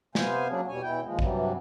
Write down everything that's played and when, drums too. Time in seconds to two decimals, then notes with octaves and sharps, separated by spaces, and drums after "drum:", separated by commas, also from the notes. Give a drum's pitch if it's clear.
0.15 C3 B3 C5 F5 G#5, drum: snare
0.48 F#3 G#3 A#3 C#4 D4 G#4
0.68 E2 B2 G3 C#5 G#5
0.82 E2 B2 E3 E4 G5
1.02 D#2 F3 G#3
1.19 G2 C3 E3 F#3 G3, drum: kick A1